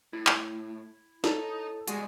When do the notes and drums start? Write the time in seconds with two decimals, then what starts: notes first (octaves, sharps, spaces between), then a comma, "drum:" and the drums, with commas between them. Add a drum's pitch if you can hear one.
0.13 A2 E4
0.27 drum: clap
1.24 D#4 A4 C#5 A5, drum: snare
1.88 E2 G3 G#3 F#4 G#5, drum: hi-hat